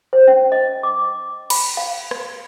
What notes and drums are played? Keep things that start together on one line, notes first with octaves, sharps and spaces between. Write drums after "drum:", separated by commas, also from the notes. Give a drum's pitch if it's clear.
C5
C#4
D#5
D6
B5, drum: cymbal
F5
drum: rim click